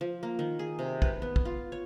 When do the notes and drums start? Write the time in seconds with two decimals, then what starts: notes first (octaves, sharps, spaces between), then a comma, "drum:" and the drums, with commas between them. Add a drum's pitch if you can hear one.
0.01 F3
0.23 A#3
0.39 D#3
0.59 G#4
0.79 C3
1.02 B4, drum: kick
1.22 B3
1.36 drum: kick
1.45 F4
1.72 C#5